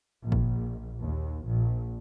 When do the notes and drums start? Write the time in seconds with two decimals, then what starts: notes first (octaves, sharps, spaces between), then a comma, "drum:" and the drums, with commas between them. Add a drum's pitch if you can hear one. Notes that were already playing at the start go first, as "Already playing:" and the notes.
0.22 A#1
0.32 drum: kick
1.00 D#2
1.45 A#1